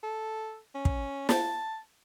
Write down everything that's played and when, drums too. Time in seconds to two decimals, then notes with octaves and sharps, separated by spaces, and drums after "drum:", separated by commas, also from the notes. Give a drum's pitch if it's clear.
0.03 A4
0.75 C#4
0.85 drum: kick
1.29 A5, drum: snare